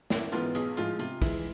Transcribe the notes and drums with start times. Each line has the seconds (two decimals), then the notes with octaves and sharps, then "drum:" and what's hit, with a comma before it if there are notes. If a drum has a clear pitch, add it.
0.10 A1 E4, drum: snare
0.32 G#2 E3 B3 F4, drum: hi-hat
0.55 B1 G#4, drum: hi-hat
0.77 A2 F3 G#3 F4, drum: hi-hat
0.99 C3 F4, drum: hi-hat
1.22 E3 G#3 E4, drum: kick, open hi-hat